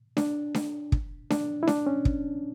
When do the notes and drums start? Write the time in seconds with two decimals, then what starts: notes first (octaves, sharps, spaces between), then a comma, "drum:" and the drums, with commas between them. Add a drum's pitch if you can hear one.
0.17 D4, drum: snare D4
0.54 drum: snare D4
0.92 drum: kick
1.30 D4, drum: snare D4
1.63 E4
1.67 D4, drum: snare D4
1.87 C#4
2.05 drum: kick